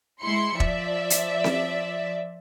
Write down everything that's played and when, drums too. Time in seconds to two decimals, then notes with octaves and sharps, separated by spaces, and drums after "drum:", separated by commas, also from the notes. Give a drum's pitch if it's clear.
0.22 G#3 E4 C6 C#7
0.60 F3 D5 E5, drum: kick E1
1.10 drum: hi-hat
1.44 drum: snare C4